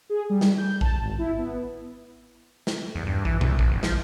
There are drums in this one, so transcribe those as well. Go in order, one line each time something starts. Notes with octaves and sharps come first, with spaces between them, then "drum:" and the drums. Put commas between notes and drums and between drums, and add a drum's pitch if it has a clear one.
G#4
G3
drum: snare
G6
A5, drum: kick A#1
G#1
E4
B3
drum: snare
E2
G2
E3, drum: kick A#1
C2, drum: tom B2
A1, drum: kick A#1
G1
F3, drum: snare